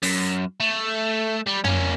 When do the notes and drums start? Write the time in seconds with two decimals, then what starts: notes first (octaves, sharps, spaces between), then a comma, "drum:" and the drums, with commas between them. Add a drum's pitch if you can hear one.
0.02 F#2, drum: open hi-hat
0.60 A3
1.47 G3
1.64 A#3 C#4, drum: tom